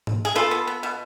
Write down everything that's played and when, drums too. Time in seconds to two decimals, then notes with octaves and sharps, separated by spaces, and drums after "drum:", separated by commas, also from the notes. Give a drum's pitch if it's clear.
0.07 drum: tom G#2
0.25 G#4
0.35 B3 F4 A4
0.51 B3
0.67 B3
0.83 B2